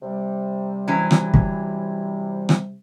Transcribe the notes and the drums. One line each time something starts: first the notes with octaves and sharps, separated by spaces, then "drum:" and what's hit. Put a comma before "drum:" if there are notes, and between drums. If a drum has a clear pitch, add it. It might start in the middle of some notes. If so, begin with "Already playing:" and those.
C3 G3
E3 F#3 C#4
drum: rim click
drum: kick
drum: rim click